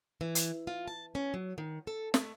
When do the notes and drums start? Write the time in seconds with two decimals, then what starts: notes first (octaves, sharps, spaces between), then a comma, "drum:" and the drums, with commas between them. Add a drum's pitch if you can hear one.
0.21 E3
0.35 drum: hi-hat
0.67 F4
0.88 A5
1.15 C#4
1.34 F#3
1.58 D#3
1.87 A4
2.14 A3, drum: snare